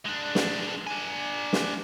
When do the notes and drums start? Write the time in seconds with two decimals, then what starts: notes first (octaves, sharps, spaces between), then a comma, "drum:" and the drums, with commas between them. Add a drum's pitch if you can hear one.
0.06 G#3 D4
0.35 drum: snare
0.87 D4 G#5
1.53 drum: snare